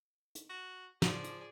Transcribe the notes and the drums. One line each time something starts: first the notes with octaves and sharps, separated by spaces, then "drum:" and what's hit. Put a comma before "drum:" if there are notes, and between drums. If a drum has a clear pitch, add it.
drum: hi-hat
F#4
F3 G#4 D5, drum: snare
drum: hi-hat